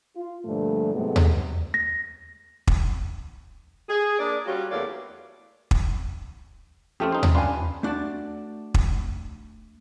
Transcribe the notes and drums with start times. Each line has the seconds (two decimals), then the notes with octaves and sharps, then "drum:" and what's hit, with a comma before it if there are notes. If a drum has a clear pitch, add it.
0.16 F4
0.45 G2 A#2 D3 F3 A3
0.94 G#2 C3 F#3 G#3 A3 B3
1.16 drum: tom D#2
1.74 A#6
2.67 drum: kick
3.88 G#4
4.19 A#3 D4 G#4 D5
4.46 G3 C#4 F4 F#4
4.70 E2 A3 A#3 C#5 D5
5.71 drum: kick
7.00 F2 A3 C4 C#4 F4 G4
7.12 D#4 C5
7.23 drum: tom D#2
7.35 C#4 D4 F4 B4 F5 G#5
7.83 A3 D4 F#4 D5 A5
8.74 drum: kick